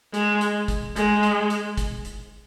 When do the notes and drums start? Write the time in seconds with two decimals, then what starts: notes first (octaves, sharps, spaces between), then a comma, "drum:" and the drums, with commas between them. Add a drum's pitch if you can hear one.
0.14 G#3, drum: hi-hat
0.41 drum: hi-hat
0.68 drum: kick, hi-hat
0.96 G#3, drum: hi-hat
1.23 drum: hi-hat
1.50 drum: hi-hat
1.78 drum: kick, hi-hat
2.05 drum: hi-hat